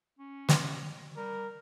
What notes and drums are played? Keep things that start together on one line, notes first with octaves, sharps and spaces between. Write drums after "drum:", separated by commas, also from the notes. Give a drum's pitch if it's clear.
C#4
drum: snare
G3 A#4